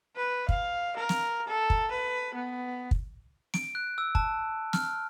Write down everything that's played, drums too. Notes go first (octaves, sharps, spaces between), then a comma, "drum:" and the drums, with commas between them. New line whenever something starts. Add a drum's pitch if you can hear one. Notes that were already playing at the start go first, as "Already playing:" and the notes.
B4
F5, drum: kick
A#4
drum: snare
A4
drum: kick
B4
B3
drum: kick
D7, drum: snare
F#6
E6
A5, drum: kick
F6, drum: snare